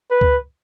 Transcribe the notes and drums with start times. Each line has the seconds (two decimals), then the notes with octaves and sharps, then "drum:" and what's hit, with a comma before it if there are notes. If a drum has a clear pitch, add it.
0.11 B4
0.21 drum: kick C#2